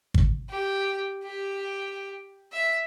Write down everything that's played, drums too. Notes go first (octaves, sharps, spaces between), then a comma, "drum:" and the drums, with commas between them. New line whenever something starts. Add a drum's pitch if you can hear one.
drum: kick
G4
G4
E5